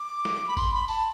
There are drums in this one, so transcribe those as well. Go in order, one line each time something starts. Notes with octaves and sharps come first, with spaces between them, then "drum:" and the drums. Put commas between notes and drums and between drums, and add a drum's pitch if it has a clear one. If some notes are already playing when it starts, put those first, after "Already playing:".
Already playing: D6
drum: snare
B5
C6, drum: kick G1, tambourine
B5
A5, drum: tambourine